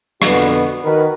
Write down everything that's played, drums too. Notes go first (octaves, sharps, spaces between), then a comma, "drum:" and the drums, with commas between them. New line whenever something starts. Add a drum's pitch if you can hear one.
F2 B2 D3 B3 F#4 B4, drum: rim click
D#3 F#4 A#4 B4